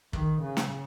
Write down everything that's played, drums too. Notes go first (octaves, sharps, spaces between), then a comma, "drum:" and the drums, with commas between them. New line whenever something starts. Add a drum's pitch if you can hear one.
D#3, drum: kick
C#3
drum: snare